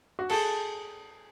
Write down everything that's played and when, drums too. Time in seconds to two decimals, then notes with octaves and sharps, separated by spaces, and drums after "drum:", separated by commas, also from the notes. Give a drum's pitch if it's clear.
0.19 F#4
0.29 G#4 A4, drum: cymbal